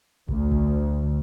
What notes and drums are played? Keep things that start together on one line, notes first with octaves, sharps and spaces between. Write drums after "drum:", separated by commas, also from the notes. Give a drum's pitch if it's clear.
D2, drum: kick A#1
drum: kick A#1